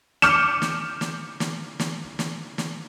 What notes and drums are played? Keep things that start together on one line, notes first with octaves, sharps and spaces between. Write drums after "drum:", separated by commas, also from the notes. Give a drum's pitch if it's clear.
D6 F6 G6 C#7 E7, drum: snare
drum: snare
drum: snare
drum: snare
drum: snare
drum: snare
drum: snare